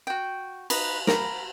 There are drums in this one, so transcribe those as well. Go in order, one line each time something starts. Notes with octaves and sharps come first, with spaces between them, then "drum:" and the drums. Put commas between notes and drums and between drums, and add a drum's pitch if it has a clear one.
F#4 G5
D#4 B4, drum: cymbal
A#4 B5, drum: snare